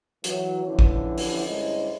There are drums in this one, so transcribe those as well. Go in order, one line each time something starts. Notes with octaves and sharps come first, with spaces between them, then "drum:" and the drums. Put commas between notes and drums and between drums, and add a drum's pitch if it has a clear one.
E3 F#3, drum: hi-hat
D3 E3 F3 C#4 E4
drum: kick A1
drum: open hi-hat
D2 G2 G#3 C#4 E4 D#5